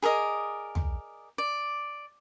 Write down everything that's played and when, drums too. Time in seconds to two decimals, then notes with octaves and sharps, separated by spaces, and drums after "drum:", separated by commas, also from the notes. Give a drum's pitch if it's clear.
0.02 G#4 A#4 D5 D#5
0.75 drum: tom
1.38 D5